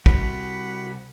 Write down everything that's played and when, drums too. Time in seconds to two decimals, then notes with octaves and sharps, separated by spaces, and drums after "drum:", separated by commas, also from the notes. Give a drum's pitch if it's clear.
0.06 C3 G3 F#4 F#5 B5, drum: kick